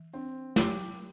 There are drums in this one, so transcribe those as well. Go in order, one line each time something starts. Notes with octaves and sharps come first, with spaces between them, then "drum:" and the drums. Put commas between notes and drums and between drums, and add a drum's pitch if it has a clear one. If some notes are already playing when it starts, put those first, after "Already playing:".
Already playing: E3
C4 D4
F#3 G4, drum: snare